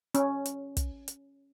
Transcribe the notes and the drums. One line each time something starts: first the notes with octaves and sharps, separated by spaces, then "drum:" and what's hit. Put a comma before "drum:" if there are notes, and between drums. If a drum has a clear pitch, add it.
C#4, drum: hi-hat
drum: hi-hat
drum: kick, hi-hat
drum: hi-hat